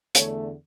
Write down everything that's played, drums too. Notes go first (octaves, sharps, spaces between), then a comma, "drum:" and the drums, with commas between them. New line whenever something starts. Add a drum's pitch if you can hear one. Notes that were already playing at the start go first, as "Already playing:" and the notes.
E2 D3 A3 C#5, drum: hi-hat